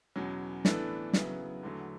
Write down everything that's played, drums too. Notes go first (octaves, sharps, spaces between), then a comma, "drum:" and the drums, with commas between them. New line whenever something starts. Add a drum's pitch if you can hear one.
E2 B2 F#3 C#4
A2 E3 B3 D4 A4, drum: snare
C#3 F#3 B3 E4, drum: snare
E2 D3 F#3 A3